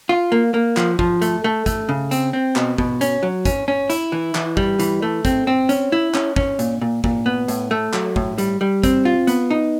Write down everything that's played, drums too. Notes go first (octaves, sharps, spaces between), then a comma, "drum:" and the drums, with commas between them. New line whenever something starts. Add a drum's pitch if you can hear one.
F4
A#3
A#3
F3, drum: clap
F3, drum: kick
A3, drum: hi-hat
A3
A3, drum: kick, hi-hat
C#3
C4, drum: hi-hat
C4
B2, drum: clap
B2, drum: kick
C#4, drum: hi-hat
F#3
C#4, drum: kick, hi-hat
C#4
E4, drum: hi-hat
E3
E3, drum: clap
G3, drum: kick
E3, drum: hi-hat
A3
C4, drum: kick, hi-hat
C4
C#4, drum: hi-hat
E4
C#4, drum: clap
C#4, drum: kick
A#2, drum: hi-hat
A#2
A#2, drum: kick
B3
A2, drum: hi-hat
A3
F#3, drum: clap
A2, drum: kick
G3, drum: hi-hat
G3
C4, drum: kick, hi-hat
F4
B3, drum: hi-hat
D#4